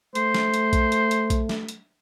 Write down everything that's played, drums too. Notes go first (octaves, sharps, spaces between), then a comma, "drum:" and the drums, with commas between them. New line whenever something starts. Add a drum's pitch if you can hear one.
A3 C5, drum: hi-hat
drum: snare
drum: hi-hat
drum: kick A#1, hi-hat
drum: hi-hat
drum: hi-hat
drum: kick A#1, hi-hat
drum: snare
drum: hi-hat